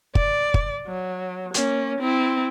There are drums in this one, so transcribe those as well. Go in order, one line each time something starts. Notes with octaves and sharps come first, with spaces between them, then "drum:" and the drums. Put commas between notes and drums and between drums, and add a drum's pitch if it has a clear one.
D5, drum: kick
drum: kick
F#3
A#3 C#4, drum: hi-hat
C4 E4